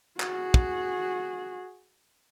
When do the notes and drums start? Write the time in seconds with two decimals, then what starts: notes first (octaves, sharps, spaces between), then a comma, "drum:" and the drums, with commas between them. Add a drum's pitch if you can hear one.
0.20 F#4 G#4, drum: clap
0.54 drum: kick